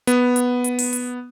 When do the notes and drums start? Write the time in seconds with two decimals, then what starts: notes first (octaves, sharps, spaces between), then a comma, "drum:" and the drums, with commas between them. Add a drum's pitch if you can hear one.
0.07 B3, drum: hi-hat
0.36 drum: hi-hat
0.64 drum: hi-hat
0.79 drum: open hi-hat
0.93 drum: hi-hat